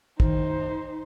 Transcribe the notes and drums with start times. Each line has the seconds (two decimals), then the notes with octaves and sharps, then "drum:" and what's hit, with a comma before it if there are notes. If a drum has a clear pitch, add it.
0.20 F#2 A2 D#3 D#4 C5, drum: kick